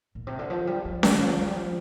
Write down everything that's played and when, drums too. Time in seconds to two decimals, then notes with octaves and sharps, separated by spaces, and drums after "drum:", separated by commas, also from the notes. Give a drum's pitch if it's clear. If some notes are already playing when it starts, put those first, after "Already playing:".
0.15 A#2
0.27 C3
0.39 D3
0.50 F3
0.67 G3
0.85 F3
1.03 D3, drum: snare C#4
1.21 F3
1.38 F3
1.47 G3
1.55 F3